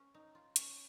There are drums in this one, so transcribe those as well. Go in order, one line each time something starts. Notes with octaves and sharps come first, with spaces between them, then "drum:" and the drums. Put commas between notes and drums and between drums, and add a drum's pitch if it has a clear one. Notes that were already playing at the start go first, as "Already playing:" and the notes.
Already playing: C#4
D#4
F4
C#4, drum: hi-hat